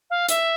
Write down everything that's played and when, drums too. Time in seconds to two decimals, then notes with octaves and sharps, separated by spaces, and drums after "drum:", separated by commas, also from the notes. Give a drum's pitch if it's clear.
0.10 F5
0.29 E5, drum: hi-hat